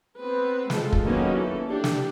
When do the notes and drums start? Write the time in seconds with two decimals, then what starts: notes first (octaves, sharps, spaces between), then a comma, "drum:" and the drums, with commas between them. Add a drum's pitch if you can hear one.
0.18 B3 C4 B4
0.70 G#3 F4 A4, drum: snare
0.93 drum: kick
1.04 D#3 F#3 A#3 B3 C#4 D#4
1.34 E3 A4
1.69 D4 G4 A4
1.84 drum: snare